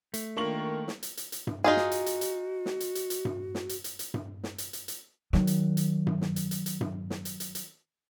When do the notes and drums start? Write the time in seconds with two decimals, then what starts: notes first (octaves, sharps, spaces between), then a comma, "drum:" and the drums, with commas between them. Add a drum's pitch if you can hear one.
0.14 A3, drum: hi-hat
0.37 D#3 A#3 D4 F4 A#4 C#6 F#7
0.88 drum: snare
1.03 drum: hi-hat
1.17 drum: hi-hat
1.32 drum: hi-hat
1.47 drum: tom G2
1.64 D#4 F4 F#4 G#4
1.77 drum: snare
1.91 drum: hi-hat
2.06 drum: hi-hat
2.21 drum: hi-hat
2.66 drum: snare
2.80 drum: hi-hat
2.95 drum: hi-hat
3.10 drum: hi-hat
3.25 drum: tom G2
3.55 drum: snare
3.69 drum: hi-hat
3.84 drum: hi-hat
3.99 drum: hi-hat
4.14 drum: tom G2
4.44 drum: snare
4.58 drum: hi-hat
4.73 drum: hi-hat
4.88 drum: hi-hat
5.33 D#3 F#3, drum: snare
5.47 drum: hi-hat
5.77 drum: hi-hat
6.07 drum: tom G2
6.21 drum: snare
6.36 drum: hi-hat
6.51 drum: hi-hat
6.66 drum: hi-hat
6.81 drum: tom G2
7.10 drum: snare
7.25 drum: hi-hat
7.40 drum: hi-hat
7.55 drum: hi-hat